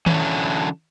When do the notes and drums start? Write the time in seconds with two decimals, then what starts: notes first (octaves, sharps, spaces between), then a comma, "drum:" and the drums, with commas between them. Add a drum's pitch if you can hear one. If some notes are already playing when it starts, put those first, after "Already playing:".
0.06 D3 E3 F#3 C#4, drum: tom D#3